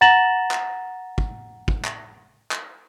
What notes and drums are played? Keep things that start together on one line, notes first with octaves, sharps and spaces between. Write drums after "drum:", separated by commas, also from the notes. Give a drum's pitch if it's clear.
F#5 A#5 A6 A#6 E7 F#7
drum: clap
drum: kick
drum: kick
drum: clap
drum: clap